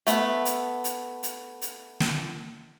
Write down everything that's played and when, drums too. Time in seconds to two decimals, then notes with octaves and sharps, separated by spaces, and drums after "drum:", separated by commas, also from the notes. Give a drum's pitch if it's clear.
0.07 A3 B3, drum: hi-hat
0.45 drum: hi-hat
0.84 drum: hi-hat
1.23 drum: hi-hat
1.62 drum: hi-hat
2.00 drum: snare